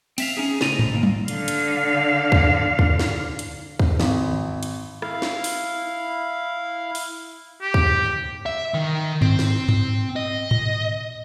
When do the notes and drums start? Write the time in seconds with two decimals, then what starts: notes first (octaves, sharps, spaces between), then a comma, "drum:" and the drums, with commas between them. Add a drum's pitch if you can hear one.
0.18 C4 E5 F5, drum: cymbal
0.37 C#4 D#4 G#4
0.61 A2 C#3 C4 D5 D#5 A#5, drum: snare
0.79 drum: tom G#2
0.92 D#2 A2 A#3
1.03 drum: tom F#3
1.28 D3 F5, drum: hi-hat
1.48 drum: hi-hat
2.32 drum: kick
2.79 drum: kick
2.99 drum: snare
3.39 drum: hi-hat
3.80 drum: kick
4.00 G#1, drum: snare
4.63 drum: hi-hat
5.02 E4 F5, drum: rim click
5.22 drum: snare
5.44 drum: open hi-hat
6.95 drum: open hi-hat
7.62 G4
7.74 drum: kick
8.46 E5
8.74 D#3
9.22 C4, drum: tom G2
9.39 drum: snare
9.69 drum: tom G2
10.16 D#5
10.51 drum: tom G#2